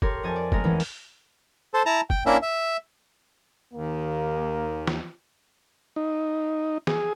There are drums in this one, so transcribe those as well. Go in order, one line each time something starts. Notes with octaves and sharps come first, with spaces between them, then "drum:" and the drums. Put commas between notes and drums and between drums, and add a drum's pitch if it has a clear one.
G4 A4 A#4 C#5 C6, drum: kick
F2 D#5 G#5 A5
D5
G#3 A3 C4 C#4 A4 A#4, drum: kick
E2 E3 C#4
drum: open hi-hat
A4 C5
E4 A5 A#5
G5, drum: kick
A#3 C#4 D4 E4 E5
E5
D#2 A#3
drum: snare
D#4
G#4, drum: snare